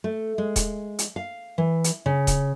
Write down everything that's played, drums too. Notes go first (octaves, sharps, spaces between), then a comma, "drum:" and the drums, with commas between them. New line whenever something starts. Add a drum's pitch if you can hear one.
A3
G#3
drum: kick D#1, hi-hat
drum: hi-hat
F5
E3
drum: hi-hat
C#3
drum: kick D#1, hi-hat